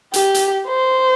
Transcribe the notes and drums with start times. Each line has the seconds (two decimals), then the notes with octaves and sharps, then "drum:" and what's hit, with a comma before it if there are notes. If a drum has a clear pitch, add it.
0.14 G4, drum: hi-hat
0.34 drum: hi-hat
0.67 C5